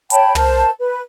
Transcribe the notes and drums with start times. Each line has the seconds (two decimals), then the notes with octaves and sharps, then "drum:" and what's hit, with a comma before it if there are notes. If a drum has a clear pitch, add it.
0.10 C#5 G5 A5 B5, drum: hi-hat
0.35 A#4 C5 A5, drum: tom
0.77 B4